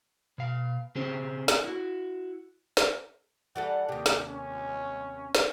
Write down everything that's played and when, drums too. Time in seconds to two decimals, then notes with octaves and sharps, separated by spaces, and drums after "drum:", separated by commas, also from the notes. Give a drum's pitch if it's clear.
0.38 B2 F5
0.95 C#3 C4 C#4 G4 G#4 C5
1.48 drum: snare
1.64 E4 F#4
2.77 drum: snare
3.56 E3 G3 A4 F#5
3.89 D#2 C3 G4
4.06 drum: snare
4.27 C#4
5.35 drum: snare